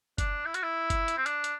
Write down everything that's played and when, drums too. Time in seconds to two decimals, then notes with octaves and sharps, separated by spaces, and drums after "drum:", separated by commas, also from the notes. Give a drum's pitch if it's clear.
0.18 D4, drum: kick F#1, hi-hat
0.45 E4
0.54 F#4, drum: hi-hat
0.63 E4
0.90 drum: kick F#1, hi-hat
1.08 drum: hi-hat
1.17 C4
1.26 D4, drum: hi-hat
1.44 drum: hi-hat